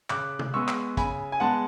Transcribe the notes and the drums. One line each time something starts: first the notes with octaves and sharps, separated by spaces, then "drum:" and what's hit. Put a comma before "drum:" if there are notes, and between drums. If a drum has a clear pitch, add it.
C#3 D6 F#6, drum: clap
drum: tom
G#3 B3 C#6 E6
drum: clap
C#3 G#5 B5, drum: kick, hi-hat
G#5
G#3 B3 F#5 A5